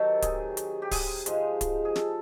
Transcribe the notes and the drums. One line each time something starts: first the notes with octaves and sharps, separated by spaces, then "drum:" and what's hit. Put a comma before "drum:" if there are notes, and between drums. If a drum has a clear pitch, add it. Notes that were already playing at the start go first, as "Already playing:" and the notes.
Already playing: C3 D#3 F#3 A4
G#4, drum: kick D1, hi-hat
drum: hi-hat
G4
G#4, drum: kick D1, open hi-hat
G#2 F3 G#3, drum: hi-hat
drum: kick D1, hi-hat
G#4
A4, drum: snare